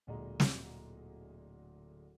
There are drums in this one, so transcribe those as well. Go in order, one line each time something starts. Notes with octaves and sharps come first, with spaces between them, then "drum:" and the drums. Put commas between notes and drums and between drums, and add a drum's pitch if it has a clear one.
D1 D2 A#2 G#3 D#5 A#5
drum: snare